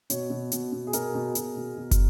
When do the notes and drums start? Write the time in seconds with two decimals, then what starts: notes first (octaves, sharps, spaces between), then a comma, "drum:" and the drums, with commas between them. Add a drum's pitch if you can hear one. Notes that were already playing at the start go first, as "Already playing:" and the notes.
0.10 B2 C#5, drum: hi-hat
0.30 B2
0.52 B2, drum: hi-hat
0.72 B2
0.87 G#4
0.93 B2 A#4, drum: hi-hat
1.15 B2
1.35 B2, drum: hi-hat
1.56 B2
1.77 B2
1.91 drum: kick, hi-hat